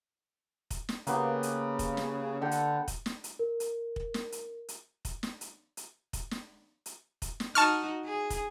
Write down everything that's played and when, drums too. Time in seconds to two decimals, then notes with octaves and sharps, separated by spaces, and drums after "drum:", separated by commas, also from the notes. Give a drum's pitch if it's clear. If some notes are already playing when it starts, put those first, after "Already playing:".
0.71 drum: kick, hi-hat
0.89 drum: snare
1.07 C#3 A#3 B3 G4, drum: hi-hat
1.43 drum: hi-hat
1.79 drum: kick, hi-hat
1.97 drum: snare
2.41 D3 A4 F#5 G5
2.51 drum: hi-hat
2.88 drum: kick, hi-hat
3.06 drum: snare
3.24 drum: hi-hat
3.39 A#4
3.60 drum: hi-hat
3.96 drum: kick
4.14 drum: snare
4.32 drum: hi-hat
4.69 drum: hi-hat
5.05 drum: kick, hi-hat
5.23 drum: snare
5.41 drum: hi-hat
5.77 drum: hi-hat
6.13 drum: kick, hi-hat
6.31 drum: snare
6.86 drum: hi-hat
7.22 drum: kick, hi-hat
7.40 drum: snare
7.55 D#4 F#4 A5 C#6 F6, drum: hi-hat
8.05 G#4
8.30 drum: kick, hi-hat